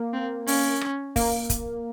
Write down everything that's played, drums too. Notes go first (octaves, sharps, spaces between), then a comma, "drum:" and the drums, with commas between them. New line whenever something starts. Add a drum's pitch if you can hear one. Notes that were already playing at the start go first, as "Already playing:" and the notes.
Already playing: A#3
C4
C#4, drum: open hi-hat
drum: rim click
A#3, drum: kick, open hi-hat
drum: kick, hi-hat